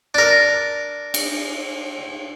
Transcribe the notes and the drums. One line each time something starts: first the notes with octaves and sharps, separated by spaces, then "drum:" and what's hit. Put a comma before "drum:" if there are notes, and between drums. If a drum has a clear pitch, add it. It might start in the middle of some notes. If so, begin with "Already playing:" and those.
D4 A#4
drum: cymbal